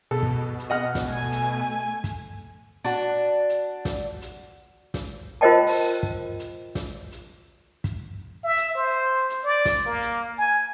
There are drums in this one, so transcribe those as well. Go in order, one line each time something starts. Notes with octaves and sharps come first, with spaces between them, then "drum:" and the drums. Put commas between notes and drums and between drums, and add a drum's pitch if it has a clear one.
B2 A4
drum: kick
drum: hi-hat
D#5 F#5 F6
drum: snare
A3 G#5
drum: hi-hat
drum: kick, hi-hat
D4 F#4
drum: hi-hat
drum: snare
drum: hi-hat
drum: snare
F4 A#4 C5 D#5 G5 A5
drum: open hi-hat
drum: kick
drum: hi-hat
drum: snare
drum: hi-hat
drum: kick, hi-hat
E5
drum: hi-hat
C5
drum: hi-hat
D5
drum: snare
A#3
drum: hi-hat
G#5